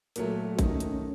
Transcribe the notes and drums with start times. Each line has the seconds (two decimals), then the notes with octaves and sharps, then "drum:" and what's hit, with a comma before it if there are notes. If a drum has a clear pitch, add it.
0.16 A#2 F#3 A3 A#4, drum: hi-hat
0.30 A4
0.45 F#4
0.59 D#3 A3 C#4 D#4, drum: kick A1, hi-hat
0.80 drum: hi-hat